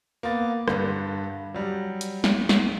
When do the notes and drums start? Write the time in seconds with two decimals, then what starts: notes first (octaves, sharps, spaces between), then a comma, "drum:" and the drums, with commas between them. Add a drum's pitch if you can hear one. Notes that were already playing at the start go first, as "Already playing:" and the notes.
0.23 A#3 B3 A6
0.68 G2 D3, drum: rim click
1.54 F#3 G3
2.01 drum: hi-hat
2.24 drum: snare
2.49 drum: snare